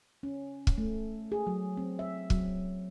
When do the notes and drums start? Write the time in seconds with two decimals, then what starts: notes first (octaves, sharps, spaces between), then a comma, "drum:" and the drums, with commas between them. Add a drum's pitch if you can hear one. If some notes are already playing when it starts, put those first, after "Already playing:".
0.23 C#4
0.67 drum: kick
0.78 A3
1.32 G#4
1.47 F#3
1.77 C4
1.99 E5
2.30 F#3, drum: kick